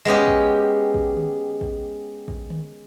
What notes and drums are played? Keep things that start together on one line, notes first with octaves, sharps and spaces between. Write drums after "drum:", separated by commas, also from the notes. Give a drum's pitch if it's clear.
G#3 B3 C#4 G4
drum: kick
drum: kick
drum: tom D3
drum: kick
drum: kick
drum: tom D3